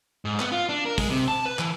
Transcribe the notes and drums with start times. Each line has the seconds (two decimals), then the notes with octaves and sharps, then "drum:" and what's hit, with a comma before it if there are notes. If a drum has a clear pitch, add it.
0.25 G#2
0.40 B3, drum: clap
0.52 F4
0.69 D4
0.85 A#4
0.98 G#3, drum: kick, open hi-hat
1.10 C3
1.28 A5
1.46 B4
1.59 E3, drum: clap